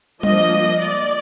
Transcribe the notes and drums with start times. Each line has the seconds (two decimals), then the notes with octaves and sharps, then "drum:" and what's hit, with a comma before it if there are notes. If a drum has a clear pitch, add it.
0.23 F3 A#3 D4 D#5, drum: tom G3
0.83 D5